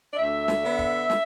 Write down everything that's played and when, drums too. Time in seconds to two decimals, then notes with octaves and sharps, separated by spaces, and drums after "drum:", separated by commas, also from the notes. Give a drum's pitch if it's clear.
0.10 D5
0.17 D2 E5
0.48 drum: snare
0.63 D3 B3
0.79 drum: kick
1.10 drum: snare